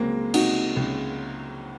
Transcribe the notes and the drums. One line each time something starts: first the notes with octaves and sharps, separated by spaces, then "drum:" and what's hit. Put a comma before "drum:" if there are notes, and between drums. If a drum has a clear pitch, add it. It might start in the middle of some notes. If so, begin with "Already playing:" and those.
Already playing: C#2 F#3 G#3 A#3 C4
C3 D#4 F#4, drum: cymbal
C#2